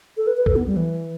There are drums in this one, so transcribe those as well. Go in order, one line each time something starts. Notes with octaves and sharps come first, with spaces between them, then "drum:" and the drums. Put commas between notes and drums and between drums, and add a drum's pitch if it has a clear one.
A4
B4
B4
A4, drum: kick C2
B3
G3
E3